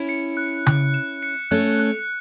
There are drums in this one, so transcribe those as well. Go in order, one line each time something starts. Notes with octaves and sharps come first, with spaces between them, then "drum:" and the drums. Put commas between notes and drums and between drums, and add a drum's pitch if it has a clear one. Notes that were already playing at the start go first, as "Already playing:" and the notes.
Already playing: C#4 E4
C#7
F#6
F#6, drum: tom C#3
E7
C#7
A3 C#4 F#6
F#6